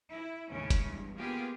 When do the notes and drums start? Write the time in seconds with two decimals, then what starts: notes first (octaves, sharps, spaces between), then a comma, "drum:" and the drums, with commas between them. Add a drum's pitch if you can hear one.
0.11 E4
0.50 D#2 A2 C#3 G#3 C#4
0.70 drum: kick, hi-hat
0.83 E2 G2
1.17 A#3 B3 F4 G4 G#4